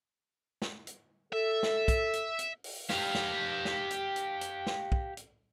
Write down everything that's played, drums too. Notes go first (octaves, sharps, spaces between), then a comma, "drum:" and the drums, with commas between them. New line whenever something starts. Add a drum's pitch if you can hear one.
drum: snare
drum: hi-hat
A4 E5
drum: snare
drum: kick, hi-hat
drum: hi-hat
drum: hi-hat
drum: open hi-hat
G4 F5, drum: snare
drum: snare
drum: snare
drum: hi-hat
drum: hi-hat
drum: hi-hat
drum: snare
drum: kick
drum: hi-hat